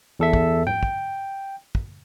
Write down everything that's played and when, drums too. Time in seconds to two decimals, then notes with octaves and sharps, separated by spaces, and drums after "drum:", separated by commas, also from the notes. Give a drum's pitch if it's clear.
0.19 E2 A4 E5
0.33 drum: kick
0.67 G5, drum: tom G#2
0.83 drum: kick
1.75 drum: kick